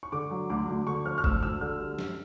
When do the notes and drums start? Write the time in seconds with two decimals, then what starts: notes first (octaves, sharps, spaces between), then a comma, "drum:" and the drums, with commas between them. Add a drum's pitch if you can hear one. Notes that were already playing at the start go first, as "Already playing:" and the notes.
0.03 C#6
0.12 D3 D6
0.31 F#3
0.50 D2 D6
0.68 D2
0.87 D3 C#6
1.06 F3 F6
1.18 F6
1.24 D2 E6, drum: kick
1.43 D2 E6
1.61 D3 F6
1.80 G3
1.99 G2, drum: snare